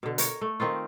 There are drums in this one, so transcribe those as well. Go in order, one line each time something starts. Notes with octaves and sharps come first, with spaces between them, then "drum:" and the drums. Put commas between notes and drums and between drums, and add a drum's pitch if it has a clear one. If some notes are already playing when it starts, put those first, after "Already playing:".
B2 D3
A#4 C#5, drum: hi-hat
A3
D#3 C4 D#4 F4